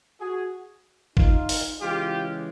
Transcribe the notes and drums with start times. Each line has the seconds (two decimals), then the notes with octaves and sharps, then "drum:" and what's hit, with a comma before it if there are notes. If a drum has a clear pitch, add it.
0.20 F#4 G#4
1.17 D#4 F4, drum: kick
1.49 drum: open hi-hat
1.81 C#3 E3 G#3 F4 G4